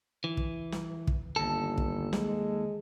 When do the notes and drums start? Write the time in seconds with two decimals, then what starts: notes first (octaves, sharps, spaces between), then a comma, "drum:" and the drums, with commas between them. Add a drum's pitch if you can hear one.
0.24 E3
0.37 drum: kick
0.72 drum: snare
1.07 drum: kick
1.36 G1 D#2 A4
1.78 drum: kick
2.13 G#3, drum: snare